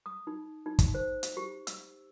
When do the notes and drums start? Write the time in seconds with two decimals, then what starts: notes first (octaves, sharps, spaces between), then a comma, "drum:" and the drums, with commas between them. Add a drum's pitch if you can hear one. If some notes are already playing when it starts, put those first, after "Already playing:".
0.06 D#6
0.27 D#4
0.66 D#4
0.79 drum: kick, hi-hat
0.94 C5
1.23 drum: hi-hat
1.37 G4
1.67 E6, drum: hi-hat